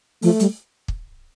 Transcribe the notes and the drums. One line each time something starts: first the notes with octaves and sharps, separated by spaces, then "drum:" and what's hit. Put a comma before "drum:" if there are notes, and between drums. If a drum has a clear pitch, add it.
F3 A3, drum: open hi-hat
G3, drum: hi-hat
drum: kick